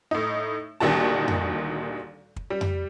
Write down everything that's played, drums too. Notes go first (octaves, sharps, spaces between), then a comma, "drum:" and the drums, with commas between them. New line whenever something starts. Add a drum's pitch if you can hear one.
A2 D#4
D2 A#2 D#3 G3 F#4 A5
drum: tom F2
drum: kick
G3
drum: tom F2